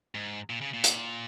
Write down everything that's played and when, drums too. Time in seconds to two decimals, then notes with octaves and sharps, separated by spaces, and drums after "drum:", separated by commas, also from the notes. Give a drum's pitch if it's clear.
0.15 G#2
0.50 A#2
0.61 C#3
0.73 A#2
0.84 drum: hi-hat